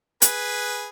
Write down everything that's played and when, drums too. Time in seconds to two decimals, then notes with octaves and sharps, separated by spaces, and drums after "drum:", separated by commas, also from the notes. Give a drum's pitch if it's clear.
0.22 G#4 B4, drum: hi-hat